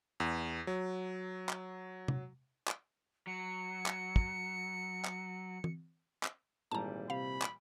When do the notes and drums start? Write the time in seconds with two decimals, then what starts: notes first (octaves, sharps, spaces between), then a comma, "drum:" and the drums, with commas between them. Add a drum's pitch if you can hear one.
0.20 E2
0.67 F#3
1.49 drum: clap
2.08 drum: tom
2.68 drum: clap
3.27 F#3 C#7
3.86 drum: clap
4.16 drum: kick
5.05 drum: clap
5.64 drum: tom
6.23 drum: clap
6.71 G#1 A#2 E3 G3 A5 A#5
7.10 C3 F5 B5
7.42 drum: clap